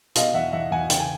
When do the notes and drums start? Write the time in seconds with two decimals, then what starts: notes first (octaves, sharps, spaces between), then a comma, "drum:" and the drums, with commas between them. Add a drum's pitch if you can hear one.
0.15 B2 D#5 F5, drum: hi-hat
0.34 E2 E5 F#5
0.53 E2 E5 F#5
0.72 E2 F#5 G#5
0.90 C#3 G5, drum: hi-hat
1.00 G#5